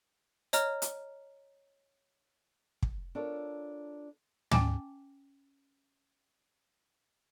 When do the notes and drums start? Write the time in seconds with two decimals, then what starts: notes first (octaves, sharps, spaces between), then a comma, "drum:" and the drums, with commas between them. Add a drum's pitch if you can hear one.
0.53 C#5 D#5 A#5 F6, drum: hi-hat
0.82 drum: hi-hat
2.83 drum: kick
3.15 D4 F4 A4 A#4 C#5
4.51 C#4 G5 G#5 D6, drum: tom